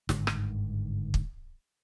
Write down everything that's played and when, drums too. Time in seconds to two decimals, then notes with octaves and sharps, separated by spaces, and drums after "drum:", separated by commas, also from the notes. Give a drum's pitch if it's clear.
0.09 G1 G#2 D3 D#3, drum: snare
0.27 drum: rim click
1.14 drum: kick